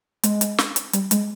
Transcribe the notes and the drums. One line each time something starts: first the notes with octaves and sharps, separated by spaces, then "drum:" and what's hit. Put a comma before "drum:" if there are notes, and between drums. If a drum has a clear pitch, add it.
G#3, drum: hi-hat
drum: hi-hat
drum: snare
drum: hi-hat
G3, drum: hi-hat
G#3, drum: hi-hat